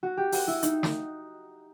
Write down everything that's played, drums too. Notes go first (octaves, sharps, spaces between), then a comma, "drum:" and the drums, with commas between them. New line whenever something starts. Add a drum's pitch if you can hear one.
F#4
G4
F#4, drum: open hi-hat
E4
D#4, drum: hi-hat
drum: snare